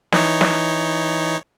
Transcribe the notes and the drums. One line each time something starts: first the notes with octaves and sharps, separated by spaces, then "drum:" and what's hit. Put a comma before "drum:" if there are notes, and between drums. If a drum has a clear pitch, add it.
E3 D#4 C#5, drum: snare
drum: snare